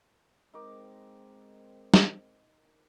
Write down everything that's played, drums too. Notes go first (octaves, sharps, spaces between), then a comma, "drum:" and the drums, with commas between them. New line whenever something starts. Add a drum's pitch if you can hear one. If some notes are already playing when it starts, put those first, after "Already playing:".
G#3 C4 D#4 A#4 D6
drum: snare